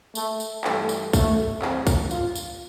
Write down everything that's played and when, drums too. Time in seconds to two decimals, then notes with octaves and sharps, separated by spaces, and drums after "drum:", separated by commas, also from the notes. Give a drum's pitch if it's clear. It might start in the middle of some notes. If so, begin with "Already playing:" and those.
0.15 A3, drum: tambourine
0.40 drum: tambourine
0.64 G2 E3 G3 A3, drum: clap
0.89 drum: tambourine
1.13 A3, drum: kick, tambourine
1.62 A2 E3 G3 C4, drum: clap
1.87 drum: kick, tambourine
2.11 F4, drum: tambourine
2.35 drum: tambourine